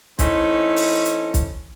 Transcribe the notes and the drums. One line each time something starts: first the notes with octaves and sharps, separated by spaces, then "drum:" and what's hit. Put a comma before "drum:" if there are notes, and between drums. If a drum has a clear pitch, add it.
E3 A3 C4 C#4 D#4 E4, drum: kick B1, hi-hat
drum: open hi-hat
drum: hi-hat
drum: kick B1, hi-hat